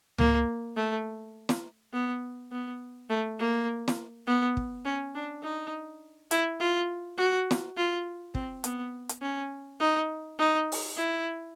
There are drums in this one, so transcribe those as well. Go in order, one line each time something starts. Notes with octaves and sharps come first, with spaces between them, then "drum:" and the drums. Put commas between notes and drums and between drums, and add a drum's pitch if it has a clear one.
A#3, drum: tom C#2
A3
drum: snare
B3
B3
A3
A#3
drum: snare
B3
drum: kick
C#4
D4
D#4
E4, drum: hi-hat
F4
F#4
drum: snare
F4
C4, drum: kick
B3, drum: hi-hat
drum: hi-hat
C#4
D#4
D#4
drum: open hi-hat
E4